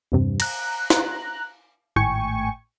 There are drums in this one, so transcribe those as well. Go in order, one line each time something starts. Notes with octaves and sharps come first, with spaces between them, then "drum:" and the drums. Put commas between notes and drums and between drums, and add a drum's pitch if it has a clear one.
E2 G2 C3
A#5 F#6, drum: cymbal
drum: snare
G#1 A2 G5 G#5 C#6